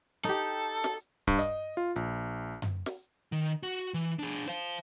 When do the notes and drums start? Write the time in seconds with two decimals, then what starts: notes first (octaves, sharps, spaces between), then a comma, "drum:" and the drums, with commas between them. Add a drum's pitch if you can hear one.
0.24 D#4 G4 A4
0.84 drum: snare
1.27 G2, drum: kick C#1
1.39 D#5
1.77 F4
1.96 A#1, drum: hi-hat
2.62 drum: tom F#2
2.86 drum: snare
3.32 D#3
3.63 F#4
3.94 E3
4.19 D4 G#4
4.48 C5 F5, drum: hi-hat